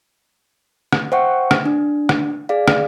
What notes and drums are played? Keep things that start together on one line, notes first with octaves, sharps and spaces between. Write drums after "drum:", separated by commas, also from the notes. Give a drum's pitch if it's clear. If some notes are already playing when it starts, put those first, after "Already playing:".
drum: rim click
C5 E5 F#5 G5 C#6
drum: rim click
D4
drum: rim click
G#4 D5 F5
drum: rim click